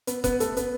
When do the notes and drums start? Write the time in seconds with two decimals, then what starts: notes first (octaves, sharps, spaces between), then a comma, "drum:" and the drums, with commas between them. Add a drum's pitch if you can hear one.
0.07 B3 B4, drum: hi-hat
0.24 B3 B4, drum: kick F1, hi-hat
0.40 A3 A4, drum: hi-hat
0.57 B3 B4, drum: hi-hat